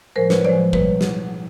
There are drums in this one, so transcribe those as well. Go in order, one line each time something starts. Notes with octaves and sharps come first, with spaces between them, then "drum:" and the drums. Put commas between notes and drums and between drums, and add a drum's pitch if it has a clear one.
A2 F3 G#3 A#4 C5
B4 C#5, drum: snare
A2 F3 G#3 C5 D5, drum: tom F#3
B2 G3 A#3 B4 C#5, drum: kick A1
drum: snare